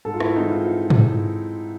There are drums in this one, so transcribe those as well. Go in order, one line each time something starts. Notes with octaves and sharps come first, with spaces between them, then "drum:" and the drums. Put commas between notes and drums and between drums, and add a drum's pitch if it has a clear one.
G#2 A4
F4
E4, drum: rim click
E3 G#3 C4 D#4
F4
F4
drum: tom G#2